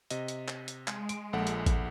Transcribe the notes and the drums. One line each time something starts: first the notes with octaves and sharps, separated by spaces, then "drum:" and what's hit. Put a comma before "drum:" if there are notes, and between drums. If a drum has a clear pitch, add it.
C3 D#5, drum: hi-hat
drum: hi-hat
drum: clap
drum: hi-hat
G#3, drum: clap
D7, drum: hi-hat
A#1 A4 F#5
drum: hi-hat
drum: kick A1, hi-hat